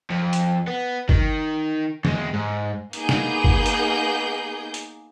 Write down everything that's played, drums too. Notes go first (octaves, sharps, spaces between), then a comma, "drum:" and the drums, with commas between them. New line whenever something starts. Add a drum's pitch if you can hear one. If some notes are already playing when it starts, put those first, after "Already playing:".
F2
drum: hi-hat
B3
D#3, drum: kick
E2 G#3, drum: tom
G#2
A#3 B3 D#4 G#4 A#4 G6, drum: hi-hat
drum: snare
drum: kick
drum: hi-hat
drum: hi-hat